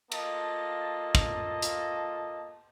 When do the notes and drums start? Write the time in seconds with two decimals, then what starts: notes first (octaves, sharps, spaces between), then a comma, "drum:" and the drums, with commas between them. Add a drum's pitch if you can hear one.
0.12 A#3 F4 A4 D#5 A5, drum: cymbal
1.15 drum: kick
1.62 drum: hi-hat